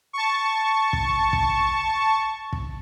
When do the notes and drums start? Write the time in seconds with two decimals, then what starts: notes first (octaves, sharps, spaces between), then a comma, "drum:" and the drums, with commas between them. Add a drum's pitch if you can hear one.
0.13 A5 C#6
0.93 drum: kick
1.33 drum: kick
2.53 drum: kick